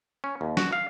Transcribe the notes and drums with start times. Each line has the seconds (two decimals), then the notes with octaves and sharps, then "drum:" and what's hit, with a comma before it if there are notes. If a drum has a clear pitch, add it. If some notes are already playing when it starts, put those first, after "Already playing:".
0.24 C#4
0.41 D#2
0.57 F#4, drum: snare
0.73 F5